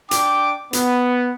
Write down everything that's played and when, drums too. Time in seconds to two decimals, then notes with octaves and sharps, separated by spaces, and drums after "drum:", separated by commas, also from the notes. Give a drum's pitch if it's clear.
0.11 D4 G5 D6, drum: hi-hat
0.73 B3, drum: hi-hat